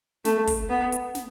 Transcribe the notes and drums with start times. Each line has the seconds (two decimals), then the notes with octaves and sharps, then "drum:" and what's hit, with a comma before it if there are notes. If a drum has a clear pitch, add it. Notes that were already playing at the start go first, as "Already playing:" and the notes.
0.25 A3, drum: snare
0.47 drum: kick, open hi-hat
0.70 B3
0.92 drum: hi-hat
1.15 drum: snare